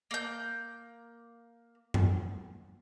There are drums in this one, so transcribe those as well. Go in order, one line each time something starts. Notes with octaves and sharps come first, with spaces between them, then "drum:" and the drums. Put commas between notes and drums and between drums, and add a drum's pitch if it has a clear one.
A#3 G6
drum: tom F#2